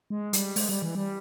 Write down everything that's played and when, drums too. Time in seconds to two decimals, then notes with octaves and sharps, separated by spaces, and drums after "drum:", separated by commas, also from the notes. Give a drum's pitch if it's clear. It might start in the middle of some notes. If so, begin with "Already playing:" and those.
0.10 G#3
0.33 G3, drum: hi-hat
0.56 G#3, drum: open hi-hat
0.69 G3
0.82 E3
0.95 G3